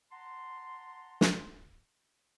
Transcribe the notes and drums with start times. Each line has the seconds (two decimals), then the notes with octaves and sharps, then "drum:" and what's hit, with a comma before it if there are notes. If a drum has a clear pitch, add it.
0.11 F#5 A5 A#5 C6
1.21 drum: snare